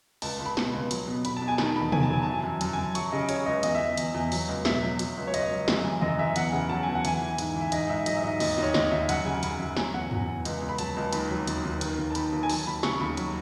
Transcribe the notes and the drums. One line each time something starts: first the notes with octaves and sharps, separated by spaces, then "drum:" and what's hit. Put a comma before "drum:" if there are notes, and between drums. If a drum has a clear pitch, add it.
C#2 A5, drum: open hi-hat
C#2
B5
B2, drum: snare
C#2
F#3, drum: hi-hat
B2
B2 B5, drum: hi-hat
A5
B2
G#5
D#3 A5, drum: snare
E2 B5
E2 G#5, drum: tom
A5
F#3 G#5
E3 A5
G#5
F#2
F#2 A5, drum: hi-hat
G#5
F#2 A5
F#3 C#6, drum: hi-hat
C#3 D#5
C#3 C#5, drum: hi-hat
C#2 D#5
E2 D#5, drum: hi-hat
E5
E2
E2, drum: hi-hat
E2
F#3, drum: open hi-hat
C#2
B2 E5, drum: snare
F#3
F#3, drum: hi-hat
C#2
C#5
C#2 D#5, drum: hi-hat
F#3
F#2, drum: snare
E3
F#2 D#5, drum: tom
E3 E5
E2 F#5, drum: hi-hat
C#3 F#5
F#3 A5
E2 G#5
F#5
E3 G#5, drum: hi-hat
E3
G#2, drum: hi-hat
E3
E5
G#2 D#5, drum: hi-hat
G#2 E5
F#3 D#5, drum: hi-hat
E5
G#2 D#5
D#2 D#5, drum: open hi-hat
D#5
D#2
C#5
D#2 D#5, drum: snare
D#2 E5
F#2 F#5, drum: hi-hat
C#3 G#5
F#2 B5, drum: hi-hat
F#2
F#3 G#5, drum: snare
E2 F#5
E2, drum: tom
E2
C#2, drum: hi-hat
C#2
B5
F#3 A5, drum: hi-hat
C#2
D#2 B5, drum: hi-hat
F#3
D#2, drum: hi-hat
D#2
D#3, drum: hi-hat
D#2
A5
D#3 B5, drum: hi-hat
D#2
G#5
F#3 A5, drum: open hi-hat
D#2 B5
C#3 C#6, drum: snare
D#2 B5
F#3, drum: hi-hat